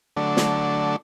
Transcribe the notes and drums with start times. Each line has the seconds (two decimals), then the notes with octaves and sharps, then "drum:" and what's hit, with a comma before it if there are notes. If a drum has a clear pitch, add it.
0.17 D3 F#3 A3 D4
0.37 drum: snare